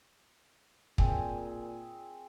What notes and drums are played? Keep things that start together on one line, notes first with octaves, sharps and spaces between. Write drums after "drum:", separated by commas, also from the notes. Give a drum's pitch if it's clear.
A#2 C4 G#4, drum: kick